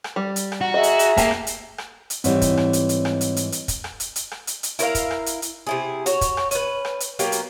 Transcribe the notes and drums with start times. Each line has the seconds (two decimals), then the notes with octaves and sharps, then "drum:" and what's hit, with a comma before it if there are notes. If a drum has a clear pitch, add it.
0.04 drum: rim click
0.16 G3
0.36 drum: hi-hat
0.52 drum: rim click
0.61 F#4 F#5 A#5
0.74 G#4 D#5 E5 A#5
0.83 drum: hi-hat
0.99 drum: hi-hat
1.17 A#3 G4 G#5 A5, drum: kick, hi-hat
1.31 drum: rim click
1.47 drum: hi-hat
1.78 drum: rim click
2.10 drum: hi-hat
2.24 G#2 E3 G3 C4 C#5, drum: hi-hat
2.42 drum: kick, hi-hat
2.57 drum: rim click
2.73 drum: hi-hat
2.89 drum: hi-hat
3.05 drum: rim click
3.21 drum: hi-hat
3.36 drum: hi-hat
3.52 drum: hi-hat
3.68 drum: kick, hi-hat
3.84 drum: rim click
4.00 drum: hi-hat
4.16 drum: hi-hat
4.31 drum: rim click
4.47 drum: hi-hat
4.63 drum: hi-hat
4.79 E4 A#4 C5 F5, drum: hi-hat
4.95 drum: kick, hi-hat
5.11 drum: rim click
5.26 drum: hi-hat
5.42 drum: hi-hat
5.67 C3 E4 G#4
6.06 F#4 C#5, drum: hi-hat
6.21 drum: kick, hi-hat
6.37 drum: rim click
6.51 C#4 B4, drum: hi-hat
6.85 drum: rim click
7.00 drum: hi-hat
7.19 F#3 A#3 B3 G4, drum: hi-hat
7.32 drum: hi-hat